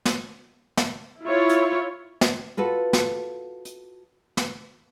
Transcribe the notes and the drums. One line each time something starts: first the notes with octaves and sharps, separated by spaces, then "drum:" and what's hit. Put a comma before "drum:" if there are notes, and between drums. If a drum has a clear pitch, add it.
drum: snare
drum: snare
E4 F4 C#5
drum: hi-hat
drum: snare
F4 F#4 A4 B4
drum: snare
drum: hi-hat
drum: snare